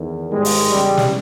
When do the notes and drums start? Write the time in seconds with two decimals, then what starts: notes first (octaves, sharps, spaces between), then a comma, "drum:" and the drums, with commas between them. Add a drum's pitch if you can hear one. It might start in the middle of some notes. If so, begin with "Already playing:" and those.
Already playing: E2 D#3
0.31 G#2 D#3 G3 G#3
0.45 drum: open hi-hat
0.69 E2 C#3 G3
0.97 drum: snare